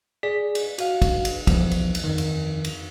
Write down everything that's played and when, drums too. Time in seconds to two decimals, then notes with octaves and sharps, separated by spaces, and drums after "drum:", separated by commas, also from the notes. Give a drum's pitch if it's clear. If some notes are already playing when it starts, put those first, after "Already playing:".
0.23 G#4 D5 B6
0.55 drum: cymbal
0.78 F#4 F5, drum: cymbal
1.02 drum: kick, cymbal
1.25 drum: cymbal
1.47 B1 E2 F3, drum: kick, cymbal
1.71 drum: cymbal
1.95 drum: cymbal
2.04 F2 D#3
2.18 drum: cymbal
2.65 drum: cymbal